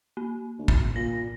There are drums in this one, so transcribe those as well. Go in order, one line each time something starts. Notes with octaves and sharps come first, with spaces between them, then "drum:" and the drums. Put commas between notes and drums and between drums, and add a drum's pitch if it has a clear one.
A#3
D2
drum: kick
A#2 A#6